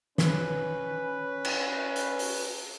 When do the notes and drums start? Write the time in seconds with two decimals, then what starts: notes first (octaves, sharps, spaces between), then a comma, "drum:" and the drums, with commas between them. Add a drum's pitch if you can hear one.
0.18 C#4 B4, drum: snare
1.45 drum: cymbal
1.96 drum: hi-hat
2.19 drum: open hi-hat